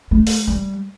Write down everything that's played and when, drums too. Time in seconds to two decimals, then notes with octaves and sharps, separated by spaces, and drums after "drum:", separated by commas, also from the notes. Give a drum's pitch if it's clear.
0.11 A3
0.27 drum: open hi-hat
0.47 G3